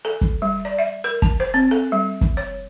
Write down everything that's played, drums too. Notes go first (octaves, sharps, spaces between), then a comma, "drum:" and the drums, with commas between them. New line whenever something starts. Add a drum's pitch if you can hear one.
A4
drum: kick
G3
D5
E5
A#4
A5, drum: kick
C5
C4
A4
G3
drum: kick
C#5